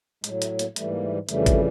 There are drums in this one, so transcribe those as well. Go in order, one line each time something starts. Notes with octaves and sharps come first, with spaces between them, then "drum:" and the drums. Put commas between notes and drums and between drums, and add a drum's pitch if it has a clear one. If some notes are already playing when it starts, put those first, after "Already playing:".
A2 F#3 G#3, drum: hi-hat
A3, drum: hi-hat
A#3, drum: hi-hat
G#2 E3 G3 A3, drum: hi-hat
A#3
A3
F2 C#3 E3 G3 A3, drum: hi-hat
drum: kick, hi-hat